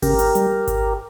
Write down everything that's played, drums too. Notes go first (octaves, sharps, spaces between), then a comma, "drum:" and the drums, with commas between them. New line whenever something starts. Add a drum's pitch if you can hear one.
C#3 G4 A#4, drum: kick G#1, open hi-hat
drum: hi-hat
G3, drum: hi-hat
drum: kick G#1, hi-hat